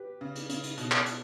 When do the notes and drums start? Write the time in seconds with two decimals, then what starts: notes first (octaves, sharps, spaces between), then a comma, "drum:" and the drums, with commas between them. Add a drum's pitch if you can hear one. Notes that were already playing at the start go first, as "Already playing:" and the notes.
Already playing: G4 B4
0.21 C#3
0.35 drum: hi-hat
0.49 C#3, drum: hi-hat
0.63 drum: hi-hat
0.77 B2, drum: hi-hat
0.92 drum: clap
1.06 drum: hi-hat